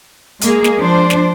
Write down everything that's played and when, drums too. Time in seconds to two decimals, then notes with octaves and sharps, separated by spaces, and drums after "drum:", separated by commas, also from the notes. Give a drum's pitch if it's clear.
0.41 G#3 A#3 G#4, drum: hi-hat
0.64 drum: snare
0.79 F3 D4 C5
1.10 drum: snare